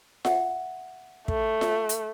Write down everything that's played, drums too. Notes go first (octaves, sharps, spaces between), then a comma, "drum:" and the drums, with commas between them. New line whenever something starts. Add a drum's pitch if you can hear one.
E5 F#5, drum: snare F4
A3, drum: kick
drum: snare F4
drum: hi-hat